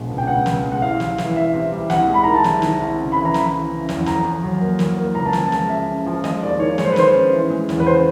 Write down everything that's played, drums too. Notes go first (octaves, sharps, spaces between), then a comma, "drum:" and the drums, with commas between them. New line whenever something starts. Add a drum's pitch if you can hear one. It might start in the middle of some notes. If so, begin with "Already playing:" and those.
Already playing: A#1 B2 G#3
C#2
G5
C#2 F#5
C#2, drum: snare
G#3
F#5
C2 F5
C2, drum: snare
E3, drum: snare
C2 E5
C3
G3
C2 F#5, drum: snare
G#3
B5
D#3 A#5
A5
C3 G#5, drum: snare
D#3, drum: snare
C2
C#3
E3 B5
A#5
E3 B5, drum: snare
E3
C#3
E2, drum: snare
F2 A#5, drum: snare
F2
F#3
A#3
A#3, drum: snare
A#3
C#2 A#5
A5
F3 G#5, drum: snare
A5
G#3, drum: snare
C#3 E5
C#3
F3
G#3 D#5, drum: snare
D#2 D5
D#3 C#5
G#3 C#5, drum: snare
C5
B4
D#3 C5, drum: snare
C#4
E3
G#3
E2, drum: snare
B4
C#3 C5